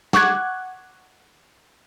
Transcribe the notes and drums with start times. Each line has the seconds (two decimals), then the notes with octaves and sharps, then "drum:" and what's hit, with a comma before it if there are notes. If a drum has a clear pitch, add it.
0.13 F#5 C#6 D6 F#6 G#6, drum: snare